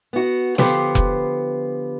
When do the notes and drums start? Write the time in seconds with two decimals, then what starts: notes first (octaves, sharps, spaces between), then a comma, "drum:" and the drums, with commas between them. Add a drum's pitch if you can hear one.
0.13 B3 F#4
0.58 D3 F3 B3 G4 B4 C5, drum: snare
0.95 drum: kick F1